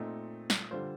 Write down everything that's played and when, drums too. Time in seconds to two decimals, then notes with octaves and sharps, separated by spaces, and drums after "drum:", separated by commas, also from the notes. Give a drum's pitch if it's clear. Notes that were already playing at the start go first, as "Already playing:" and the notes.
Already playing: A#2 A3 C4 D#4
0.50 drum: snare
0.71 D3 G3 D4 F4 C5